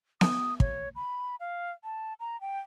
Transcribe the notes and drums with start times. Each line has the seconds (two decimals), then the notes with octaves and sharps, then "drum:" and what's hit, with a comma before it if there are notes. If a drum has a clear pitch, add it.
0.21 D#6, drum: snare B3
0.60 C#5, drum: kick
0.96 B5
1.40 F5
1.84 A5
2.20 A#5
2.41 G5